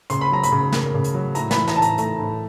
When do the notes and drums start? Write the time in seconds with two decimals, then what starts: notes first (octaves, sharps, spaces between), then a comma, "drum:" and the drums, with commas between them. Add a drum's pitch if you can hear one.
0.10 C#3 C6, drum: hi-hat
0.21 B5
0.32 F#3 A#5
0.43 B5, drum: hi-hat
0.52 C#3
0.72 A#3, drum: snare
0.94 C#3
1.04 drum: hi-hat
1.14 F#3
1.35 A2 A#5, drum: hi-hat
1.51 B5, drum: snare
1.56 E3
1.67 A#5, drum: snare
1.76 A2 A5
1.82 A#5, drum: hi-hat
1.98 A3 A#5, drum: hi-hat
2.20 A2